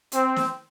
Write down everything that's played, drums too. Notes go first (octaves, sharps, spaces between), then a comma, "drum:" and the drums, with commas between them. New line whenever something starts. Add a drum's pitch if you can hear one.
C4, drum: hi-hat
drum: snare